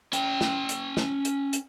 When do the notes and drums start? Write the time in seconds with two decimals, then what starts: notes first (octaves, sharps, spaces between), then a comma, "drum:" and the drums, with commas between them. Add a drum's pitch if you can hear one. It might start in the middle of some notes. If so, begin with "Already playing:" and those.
0.13 C#4 G5, drum: hi-hat
0.41 drum: snare
0.69 drum: hi-hat
0.97 drum: snare
1.25 drum: hi-hat
1.53 drum: hi-hat